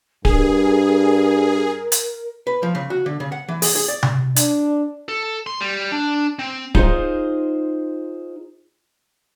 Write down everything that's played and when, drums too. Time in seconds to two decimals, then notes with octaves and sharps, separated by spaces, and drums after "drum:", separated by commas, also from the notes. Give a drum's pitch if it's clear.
0.25 G2 G#4 A#4, drum: kick D1
1.92 drum: hi-hat
2.47 B4
2.63 F3
2.75 C#3
2.90 F#4
3.06 D3
3.20 C#3
3.32 F#5
3.48 E3
3.62 G#4, drum: open hi-hat
3.76 G#4
3.88 D5
4.03 drum: tom C3
4.36 D4, drum: hi-hat
5.08 A4
5.47 C6
5.60 G3
5.92 D4
6.39 C4
6.75 D#4 F4 G#4 C5 D#5, drum: kick D1